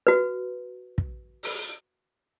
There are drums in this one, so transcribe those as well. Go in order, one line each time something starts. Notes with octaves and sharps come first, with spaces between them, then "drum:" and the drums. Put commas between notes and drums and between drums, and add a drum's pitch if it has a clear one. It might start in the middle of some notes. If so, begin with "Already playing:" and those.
F#4 B4
drum: kick
drum: open hi-hat